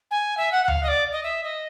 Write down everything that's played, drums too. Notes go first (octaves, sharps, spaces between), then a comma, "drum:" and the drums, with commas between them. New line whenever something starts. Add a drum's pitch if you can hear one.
G#5
E5
F#5
F#5
F5, drum: tom D2
D#5
D5
D#5
E5
D#5